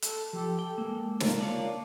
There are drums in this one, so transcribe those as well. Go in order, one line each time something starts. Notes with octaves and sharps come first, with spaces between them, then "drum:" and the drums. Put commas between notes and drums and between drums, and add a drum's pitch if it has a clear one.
A4, drum: hi-hat
F3 G4 A4
A4 G5
G#3 A#3
D4 F4 A#4, drum: snare
A#3 D4 F4 C#5 D5